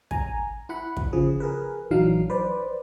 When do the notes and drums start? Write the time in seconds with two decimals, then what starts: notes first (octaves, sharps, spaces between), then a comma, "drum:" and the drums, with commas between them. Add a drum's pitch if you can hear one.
0.11 G#5 A#5, drum: kick
0.69 E4 F#5 B5
0.97 drum: kick
1.13 C#3 F3 G#4
1.40 G#4 A#4 B4
1.91 A#1 E3 F#3 D4 D#4 F5
2.30 B4 C5 D5